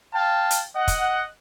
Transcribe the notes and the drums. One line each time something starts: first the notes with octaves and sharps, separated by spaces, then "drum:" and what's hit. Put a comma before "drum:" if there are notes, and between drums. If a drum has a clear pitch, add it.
F5 G5 A5
drum: hi-hat
D#5 F#5
drum: kick, hi-hat